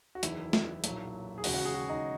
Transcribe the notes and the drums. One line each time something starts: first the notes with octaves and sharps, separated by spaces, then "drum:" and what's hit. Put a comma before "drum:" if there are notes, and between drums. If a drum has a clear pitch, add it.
F#4
F#1 E2 D#3 E4, drum: hi-hat
drum: snare
B1 A#2 F#3, drum: hi-hat
G#4
E1 D#2 C#3 F#4, drum: open hi-hat
F#4
G#4
F#4
D#4